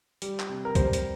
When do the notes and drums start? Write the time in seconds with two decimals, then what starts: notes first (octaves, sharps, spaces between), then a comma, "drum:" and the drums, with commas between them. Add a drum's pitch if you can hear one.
0.22 G3, drum: hi-hat
0.40 drum: clap
0.49 C3
0.65 A#4
0.75 G3 C5, drum: kick C2, hi-hat
0.93 drum: hi-hat